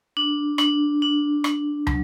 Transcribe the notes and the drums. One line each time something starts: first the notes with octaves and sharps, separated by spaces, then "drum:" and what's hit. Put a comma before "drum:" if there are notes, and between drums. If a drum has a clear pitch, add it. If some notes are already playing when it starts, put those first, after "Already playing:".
D4
D4, drum: rim click
D4
D4, drum: rim click
F#3, drum: tom